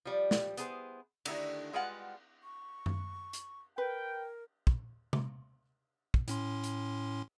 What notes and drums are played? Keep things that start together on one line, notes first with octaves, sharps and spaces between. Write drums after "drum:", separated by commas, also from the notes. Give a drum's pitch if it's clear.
F3 G3
drum: snare
B3 E4 G#4 B4 C5, drum: hi-hat
D3 D#3 A3 E4 G4, drum: cymbal
G3 G#3 F4 B4 F5 F#5
C#6
drum: tom F#2
drum: hi-hat
A#4 B4 G5
drum: kick
drum: tom C3
drum: kick
A2 C#4 C6, drum: hi-hat
drum: hi-hat